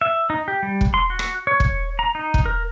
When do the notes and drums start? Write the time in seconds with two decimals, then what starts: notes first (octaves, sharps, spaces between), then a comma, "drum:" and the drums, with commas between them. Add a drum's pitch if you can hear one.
0.01 E5
0.30 D#4
0.48 G4
0.63 G3
0.81 drum: kick
0.94 C6
1.10 F#4
1.19 drum: rim click
1.47 C#5
1.60 C#5, drum: kick
1.99 A#5
2.15 D#4
2.34 drum: kick
2.46 A#4